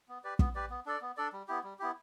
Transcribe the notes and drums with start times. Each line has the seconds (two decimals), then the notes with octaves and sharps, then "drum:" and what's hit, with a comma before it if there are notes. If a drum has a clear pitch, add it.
0.08 B3
0.24 G4 B4 D5
0.39 B3, drum: kick
0.55 G4 B4 D5
0.70 B3
0.86 D4 A4 D5
1.01 B3
1.17 D4 A4 D5
1.33 G3
1.48 B3 E4 G4
1.64 G3
1.79 B3 E4 G4